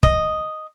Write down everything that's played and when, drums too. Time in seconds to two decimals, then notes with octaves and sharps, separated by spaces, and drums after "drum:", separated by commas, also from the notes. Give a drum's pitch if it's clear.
0.03 D#5, drum: kick